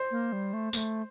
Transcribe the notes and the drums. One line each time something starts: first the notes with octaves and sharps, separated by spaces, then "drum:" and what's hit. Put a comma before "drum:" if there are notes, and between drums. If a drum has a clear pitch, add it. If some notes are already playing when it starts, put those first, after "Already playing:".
Already playing: C5
A#3
G3
A3
A#3, drum: tambourine
A3